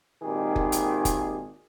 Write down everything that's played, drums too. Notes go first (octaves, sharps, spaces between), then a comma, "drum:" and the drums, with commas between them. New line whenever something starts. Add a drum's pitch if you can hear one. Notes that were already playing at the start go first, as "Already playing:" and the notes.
G#1 A#2 D#3 G4 G#4
drum: kick F#1
drum: hi-hat
drum: kick F#1, hi-hat